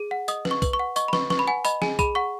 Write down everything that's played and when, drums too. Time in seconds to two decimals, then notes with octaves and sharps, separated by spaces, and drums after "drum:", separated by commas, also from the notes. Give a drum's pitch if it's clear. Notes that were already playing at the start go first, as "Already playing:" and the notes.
Already playing: G#4
0.11 F#5
0.28 D#5 D#6, drum: tambourine
0.45 B4, drum: snare
0.51 C#6
0.62 B4, drum: kick B1, tambourine
0.73 C#6
0.79 F#5
0.96 D#5 C#6, drum: tambourine
1.08 B5
1.13 B4 C#6, drum: snare
1.30 B4 C#6, drum: snare
1.39 B5
1.48 F#5 G#5
1.65 D#5 B5, drum: tambourine
1.82 G#4 G#5, drum: snare
1.99 G#4 B5, drum: kick B1, tambourine
2.15 F#5 C#6